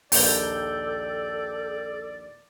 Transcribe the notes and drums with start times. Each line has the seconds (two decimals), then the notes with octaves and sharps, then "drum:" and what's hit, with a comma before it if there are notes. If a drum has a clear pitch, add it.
0.12 A#1 D#2 A4 D5 G5 G6, drum: open hi-hat